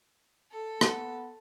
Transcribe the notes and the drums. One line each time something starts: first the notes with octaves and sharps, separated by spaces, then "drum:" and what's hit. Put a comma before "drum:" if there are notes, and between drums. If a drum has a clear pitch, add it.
A4
B3, drum: rim click